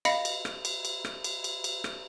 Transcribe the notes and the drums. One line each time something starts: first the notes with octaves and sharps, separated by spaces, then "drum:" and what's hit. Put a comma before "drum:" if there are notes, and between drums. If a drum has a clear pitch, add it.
D#5 F5 B5 A#6 C#7, drum: cymbal
drum: cymbal
drum: rim click
drum: cymbal
drum: cymbal
drum: rim click
drum: cymbal
drum: cymbal
drum: cymbal
drum: rim click